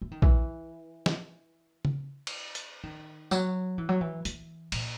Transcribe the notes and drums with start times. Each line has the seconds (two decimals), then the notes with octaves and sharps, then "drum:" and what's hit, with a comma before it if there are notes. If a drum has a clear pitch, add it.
0.02 E3
0.11 D#3
0.22 E3, drum: kick
1.06 drum: snare
1.85 drum: tom
2.27 drum: cymbal
2.55 drum: hi-hat
2.83 D#3
3.31 F#3, drum: tambourine
3.78 E3
3.89 F#3
4.01 E3
4.25 E3, drum: hi-hat
4.72 A#2, drum: cymbal